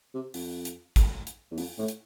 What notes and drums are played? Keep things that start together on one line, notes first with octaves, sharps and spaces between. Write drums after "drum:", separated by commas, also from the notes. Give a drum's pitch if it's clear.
C3
F2, drum: open hi-hat
drum: hi-hat
drum: kick, hi-hat
drum: hi-hat
E2
F2, drum: open hi-hat
A2
drum: hi-hat